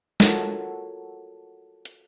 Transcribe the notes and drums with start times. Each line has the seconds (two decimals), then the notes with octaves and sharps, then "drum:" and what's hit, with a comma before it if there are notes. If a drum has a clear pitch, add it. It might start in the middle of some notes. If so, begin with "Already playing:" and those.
0.20 F4 F#4 A4 A#4 C#5, drum: snare
1.85 drum: hi-hat